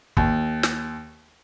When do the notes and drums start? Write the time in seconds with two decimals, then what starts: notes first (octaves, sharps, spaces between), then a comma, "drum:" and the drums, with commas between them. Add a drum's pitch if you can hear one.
0.17 D#2, drum: kick
0.63 drum: snare